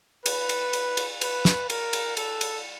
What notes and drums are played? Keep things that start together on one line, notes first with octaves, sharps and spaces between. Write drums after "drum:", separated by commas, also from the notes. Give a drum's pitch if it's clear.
B4, drum: cymbal
drum: cymbal
drum: cymbal
drum: cymbal
B4, drum: cymbal
drum: snare
A#4, drum: cymbal
drum: cymbal
A4, drum: cymbal
drum: cymbal